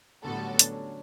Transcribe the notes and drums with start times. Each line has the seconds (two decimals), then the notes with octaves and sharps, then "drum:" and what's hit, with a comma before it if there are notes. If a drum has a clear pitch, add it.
0.24 A2 D3 G3 B3 F#4 A4
0.36 F#3
0.48 C#4
0.59 D4, drum: hi-hat
0.72 C#4